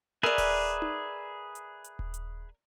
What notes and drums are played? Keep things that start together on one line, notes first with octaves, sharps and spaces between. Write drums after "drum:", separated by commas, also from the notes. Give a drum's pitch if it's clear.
G#4 A#4 B4 D5 E5
drum: kick D#1, open hi-hat
drum: tom D#4
drum: hi-hat
drum: hi-hat
drum: kick D#1
drum: hi-hat